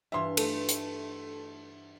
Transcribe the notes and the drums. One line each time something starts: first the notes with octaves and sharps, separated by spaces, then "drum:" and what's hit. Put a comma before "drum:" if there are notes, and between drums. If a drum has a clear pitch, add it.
G2 E3 F4 E5 C6
A3, drum: cymbal
drum: hi-hat